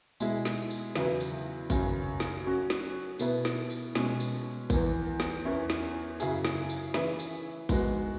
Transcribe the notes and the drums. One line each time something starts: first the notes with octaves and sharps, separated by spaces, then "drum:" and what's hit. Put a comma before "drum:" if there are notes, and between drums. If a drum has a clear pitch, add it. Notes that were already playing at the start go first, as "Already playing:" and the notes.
B2 G#3 E4 G#4, drum: tambourine
drum: snare
drum: tambourine
E2 C#3 F#3 E4 B4, drum: snare
drum: tambourine
F#2 C#3 F#3 C#4, drum: kick G#1, tambourine
drum: snare
F#3 C#4 F#4
drum: snare
B2 B3 E4 B4, drum: tambourine
drum: snare
drum: tambourine
B2 G#3 C#4, drum: snare
drum: tambourine
E2 E3 B3, drum: kick G#1, tambourine
drum: snare
E2 E3 C#4 E4
drum: snare
F#2 C#3 F#3 E4 G#4, drum: tambourine
drum: snare
drum: tambourine
E3 C#4 G#4 B4 E5, drum: snare
drum: tambourine
G#2 G#3 B3 F#4, drum: kick G#1, tambourine